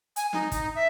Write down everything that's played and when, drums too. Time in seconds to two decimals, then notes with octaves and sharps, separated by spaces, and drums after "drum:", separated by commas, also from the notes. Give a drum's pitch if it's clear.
0.16 G#5, drum: hi-hat
0.33 D#4, drum: snare
0.52 D#4, drum: kick, hi-hat
0.75 E5